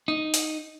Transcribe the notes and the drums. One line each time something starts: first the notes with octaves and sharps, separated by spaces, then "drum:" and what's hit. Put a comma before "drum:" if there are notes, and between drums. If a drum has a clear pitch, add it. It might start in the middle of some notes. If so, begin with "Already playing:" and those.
D#4
drum: hi-hat